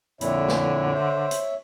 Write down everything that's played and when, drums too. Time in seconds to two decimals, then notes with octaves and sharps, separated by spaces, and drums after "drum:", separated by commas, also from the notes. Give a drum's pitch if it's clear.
0.21 F2 A#2 D3 E4 C#5 E5, drum: hi-hat
0.48 drum: snare
0.95 C5
1.31 drum: hi-hat